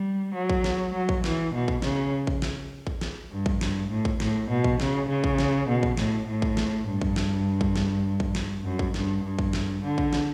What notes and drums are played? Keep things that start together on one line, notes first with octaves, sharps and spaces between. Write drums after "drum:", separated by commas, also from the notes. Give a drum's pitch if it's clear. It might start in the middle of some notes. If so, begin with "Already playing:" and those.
Already playing: G3
F#3
drum: kick
drum: snare
F#3
drum: kick
E3, drum: snare
B2
drum: kick
C#3, drum: snare
drum: kick
drum: snare
drum: kick
drum: snare
G2
drum: kick
G2, drum: snare
A2
drum: kick
A2, drum: snare
B2
drum: kick
C#3, drum: snare
C#3
drum: kick
drum: snare
B2
drum: kick
A2, drum: snare
A2
drum: kick
drum: snare
G2
drum: kick
drum: snare
drum: kick
drum: snare
drum: kick
drum: snare
F#2
drum: kick
G2, drum: snare
G2
drum: kick
drum: snare
D3
drum: kick
drum: snare